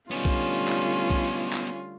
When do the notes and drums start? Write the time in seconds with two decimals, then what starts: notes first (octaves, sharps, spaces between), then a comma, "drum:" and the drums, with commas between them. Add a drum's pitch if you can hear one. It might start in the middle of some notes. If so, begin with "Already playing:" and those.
0.11 D3 G3 A3 B3 C#4 D#4 F4, drum: hi-hat
0.25 drum: kick B1, hi-hat
0.53 drum: hi-hat
0.68 drum: clap
0.82 drum: hi-hat
0.96 drum: hi-hat
1.10 drum: kick B1, hi-hat
1.24 drum: open hi-hat
1.53 drum: clap
1.67 drum: hi-hat